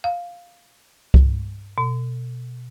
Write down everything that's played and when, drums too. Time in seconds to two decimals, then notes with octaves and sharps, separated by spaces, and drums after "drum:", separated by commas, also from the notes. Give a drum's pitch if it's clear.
0.04 F5
1.14 drum: kick C2
1.78 B2